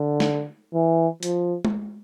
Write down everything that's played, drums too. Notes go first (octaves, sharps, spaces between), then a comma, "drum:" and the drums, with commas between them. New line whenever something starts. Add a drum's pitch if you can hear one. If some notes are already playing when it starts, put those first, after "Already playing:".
Already playing: D3
drum: snare
E3
F3, drum: hi-hat
drum: tom G#3